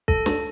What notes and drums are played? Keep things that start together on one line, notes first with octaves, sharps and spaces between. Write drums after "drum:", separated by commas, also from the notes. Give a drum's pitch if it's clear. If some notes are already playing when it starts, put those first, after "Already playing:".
A4, drum: kick
drum: snare